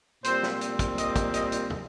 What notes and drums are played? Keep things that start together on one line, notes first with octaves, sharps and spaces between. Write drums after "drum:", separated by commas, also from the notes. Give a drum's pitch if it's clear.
A#2 G3 C4 C5, drum: hi-hat
drum: snare
drum: hi-hat
drum: kick, hi-hat
D#5, drum: hi-hat
drum: kick, hi-hat
D#5, drum: hi-hat
drum: hi-hat
drum: tom